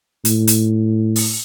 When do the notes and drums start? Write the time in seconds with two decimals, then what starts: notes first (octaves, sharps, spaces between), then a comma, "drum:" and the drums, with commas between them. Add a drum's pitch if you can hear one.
0.25 A2, drum: hi-hat
0.47 drum: hi-hat
1.16 drum: open hi-hat